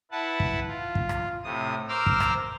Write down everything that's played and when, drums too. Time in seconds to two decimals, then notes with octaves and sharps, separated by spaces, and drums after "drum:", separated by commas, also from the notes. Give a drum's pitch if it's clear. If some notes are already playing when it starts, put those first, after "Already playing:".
0.11 E4 B4 F#5 A5
0.40 drum: kick
0.68 F4
0.95 drum: kick
1.09 drum: rim click
1.43 A2 C3 D#6
1.89 A#4 C5 D6 E6 F6
2.06 drum: kick
2.20 drum: rim click